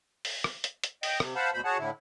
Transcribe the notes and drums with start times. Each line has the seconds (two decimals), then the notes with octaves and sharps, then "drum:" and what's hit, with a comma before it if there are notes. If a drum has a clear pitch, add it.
0.25 drum: open hi-hat
0.44 drum: rim click
0.64 drum: hi-hat
0.84 drum: hi-hat
1.03 D#5 G5, drum: open hi-hat
1.20 C3, drum: rim click
1.36 C5 F5 F#5 A5 B5
1.53 D2 B2 C5 B5
1.65 F#4 G#4 C#5 F#5 A5
1.78 A2 D3 E4